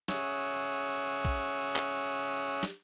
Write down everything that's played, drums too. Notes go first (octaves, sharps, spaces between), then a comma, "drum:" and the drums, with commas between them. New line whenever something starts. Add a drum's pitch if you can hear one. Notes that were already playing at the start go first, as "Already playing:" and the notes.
C#4 G#4 C#5 E5 F#5 D#6, drum: snare
drum: kick A#1
drum: clap
drum: snare